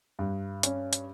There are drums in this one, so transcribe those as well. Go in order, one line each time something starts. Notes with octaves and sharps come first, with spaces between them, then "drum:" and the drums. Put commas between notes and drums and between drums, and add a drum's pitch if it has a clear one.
G2
C#4, drum: hi-hat
drum: hi-hat